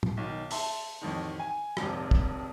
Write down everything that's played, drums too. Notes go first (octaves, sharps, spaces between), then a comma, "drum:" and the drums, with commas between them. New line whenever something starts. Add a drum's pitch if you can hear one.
drum: tom
B1 D#3
E5 A5 C6, drum: open hi-hat
A1 F2 D#3
G#5
D#1 A#1 F2 G#2 C3, drum: rim click
drum: kick